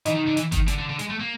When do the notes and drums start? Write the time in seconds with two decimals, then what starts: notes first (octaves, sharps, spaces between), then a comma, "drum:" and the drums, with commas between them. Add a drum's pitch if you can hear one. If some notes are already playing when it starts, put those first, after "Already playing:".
0.06 E3 D#4, drum: hi-hat
0.15 D#3
0.27 D3
0.37 E3, drum: hi-hat
0.52 D#3, drum: kick G1, hi-hat
0.68 D3, drum: hi-hat
0.79 D3
0.90 D3
0.99 G#3, drum: hi-hat
1.10 A3
1.20 A#3